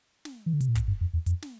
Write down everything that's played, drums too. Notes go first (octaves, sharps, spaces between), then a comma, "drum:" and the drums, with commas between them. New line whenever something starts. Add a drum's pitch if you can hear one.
drum: snare
E3
D3
C3, drum: hi-hat
A#2
A2, drum: kick, hi-hat
G2
F2
E2
F2, drum: hi-hat
drum: snare